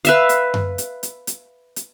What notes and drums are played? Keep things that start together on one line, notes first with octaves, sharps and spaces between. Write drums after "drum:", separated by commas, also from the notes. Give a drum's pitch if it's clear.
B4 E5 F5, drum: hi-hat
drum: hi-hat
drum: tom F#2
drum: hi-hat
drum: hi-hat
drum: hi-hat
drum: hi-hat